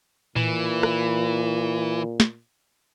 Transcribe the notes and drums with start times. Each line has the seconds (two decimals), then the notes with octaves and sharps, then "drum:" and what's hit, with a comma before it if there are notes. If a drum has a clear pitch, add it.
0.36 A#2 E3, drum: tom A2
0.83 drum: rim click
2.20 drum: snare